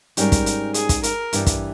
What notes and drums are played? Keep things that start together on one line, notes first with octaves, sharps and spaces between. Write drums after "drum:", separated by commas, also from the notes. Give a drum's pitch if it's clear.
G#2 G3 C#4 A#4, drum: hi-hat
drum: kick, hi-hat
drum: hi-hat
G#4, drum: hi-hat
drum: kick, hi-hat
A#4, drum: hi-hat
G2 E3 G3, drum: hi-hat
drum: kick, hi-hat